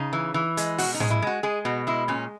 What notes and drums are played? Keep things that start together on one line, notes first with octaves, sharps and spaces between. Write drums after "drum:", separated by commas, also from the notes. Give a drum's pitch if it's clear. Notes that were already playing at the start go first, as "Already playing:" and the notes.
Already playing: C#3 D#4
E3
E3
G#3, drum: hi-hat
B2 F#4, drum: open hi-hat
D#4
G#3, drum: tom A2
E4
G#3 F#4
G#3 G#4
B2 F#4
G#3 E4
A#2 C#4